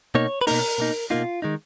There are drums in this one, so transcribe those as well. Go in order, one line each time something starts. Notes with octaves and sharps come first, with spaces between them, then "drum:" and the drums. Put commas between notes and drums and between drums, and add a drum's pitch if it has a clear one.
B2 A#3 D#4 C#5
B4
B2 A#3 D#4 A#4, drum: open hi-hat
B2 A#3 D#4
B2 A#3 D#4 F4
D#3 G#3 D#4